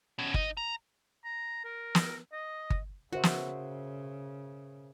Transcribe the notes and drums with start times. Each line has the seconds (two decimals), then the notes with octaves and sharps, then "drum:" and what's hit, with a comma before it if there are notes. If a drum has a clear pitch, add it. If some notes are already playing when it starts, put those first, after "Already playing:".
0.18 B2 C#4
0.34 D#4 D#5, drum: kick G1
0.57 A#5
1.24 A#5
1.65 A#4
1.95 drum: snare
2.32 D#5
2.70 drum: kick G1
3.12 C#3 F#4 A#4 C5 E5
3.23 drum: snare